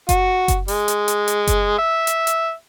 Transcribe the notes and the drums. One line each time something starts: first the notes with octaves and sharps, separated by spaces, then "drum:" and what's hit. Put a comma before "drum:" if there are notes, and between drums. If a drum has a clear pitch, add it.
F#4, drum: kick F#1, hi-hat
drum: kick F#1, hi-hat
G#3, drum: open hi-hat
drum: hi-hat
drum: hi-hat
drum: hi-hat
drum: kick F#1, hi-hat
E5
drum: hi-hat
drum: hi-hat